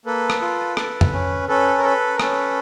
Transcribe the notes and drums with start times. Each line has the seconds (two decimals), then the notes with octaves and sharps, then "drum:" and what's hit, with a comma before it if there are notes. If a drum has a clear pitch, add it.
0.06 A#3 A4 B4
0.30 drum: rim click
0.41 F4
0.77 A4, drum: rim click
1.01 drum: tom F2
1.13 C#4
1.48 C#4 A4 B4
1.78 A#4
1.84 A4 B4
2.16 A#4
2.20 C#4 A4 B4, drum: rim click